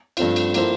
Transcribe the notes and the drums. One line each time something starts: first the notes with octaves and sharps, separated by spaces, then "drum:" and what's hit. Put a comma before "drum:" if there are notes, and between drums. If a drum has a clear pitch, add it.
G2 F3 A3 C4 F4, drum: cymbal
drum: cymbal
F3 A#3 E4 A4 C5, drum: cymbal